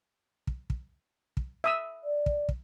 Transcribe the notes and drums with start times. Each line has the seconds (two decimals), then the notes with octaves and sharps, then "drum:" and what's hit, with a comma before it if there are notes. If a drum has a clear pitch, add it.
0.47 drum: kick
0.70 drum: kick
1.37 drum: kick
1.64 E5 D#6 E6
2.04 D5
2.26 drum: kick
2.49 drum: kick